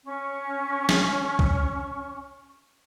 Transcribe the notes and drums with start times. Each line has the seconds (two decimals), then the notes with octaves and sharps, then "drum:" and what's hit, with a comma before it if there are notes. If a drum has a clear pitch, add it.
0.06 C#4 C#6
0.89 drum: snare
1.39 drum: kick